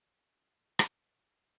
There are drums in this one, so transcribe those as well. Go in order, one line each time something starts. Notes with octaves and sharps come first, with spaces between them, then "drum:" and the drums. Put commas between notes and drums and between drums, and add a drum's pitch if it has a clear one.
G2
drum: rim click
A#3